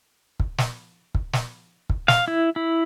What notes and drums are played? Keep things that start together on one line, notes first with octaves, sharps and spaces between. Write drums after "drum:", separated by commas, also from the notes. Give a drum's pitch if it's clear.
drum: kick
drum: snare
drum: kick
drum: snare
drum: kick
F5, drum: snare
E4
E4